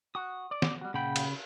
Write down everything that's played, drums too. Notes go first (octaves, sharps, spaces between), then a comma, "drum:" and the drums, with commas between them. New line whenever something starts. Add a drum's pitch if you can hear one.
F#4 D#6
D5
drum: snare
G3 F#4
A#2 C#3 F#5 G5 B5
drum: cymbal